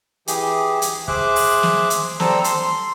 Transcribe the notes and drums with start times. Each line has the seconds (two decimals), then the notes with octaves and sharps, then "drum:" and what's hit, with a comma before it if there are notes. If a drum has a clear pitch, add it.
0.27 E3 G4 G#4, drum: hi-hat
0.82 drum: hi-hat
1.08 G#4 C5 E5 D6 F#6, drum: kick
1.36 drum: open hi-hat
1.63 drum: snare
1.90 drum: hi-hat
2.20 G3 C4 A4 C5 A#5 E6, drum: snare
2.44 C6, drum: hi-hat